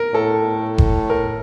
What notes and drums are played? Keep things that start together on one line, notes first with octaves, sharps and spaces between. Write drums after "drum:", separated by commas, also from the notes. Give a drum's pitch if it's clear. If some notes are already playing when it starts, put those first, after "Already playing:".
Already playing: A#4
A2 A4
drum: kick F#1
A#4